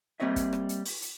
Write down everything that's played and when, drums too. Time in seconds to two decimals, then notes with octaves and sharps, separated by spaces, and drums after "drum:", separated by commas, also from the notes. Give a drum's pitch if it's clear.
0.20 G3 A#3 C4 C#5 D#5 E5
0.36 drum: kick, hi-hat
0.53 drum: rim click
0.69 drum: hi-hat
0.85 drum: open hi-hat
1.02 drum: hi-hat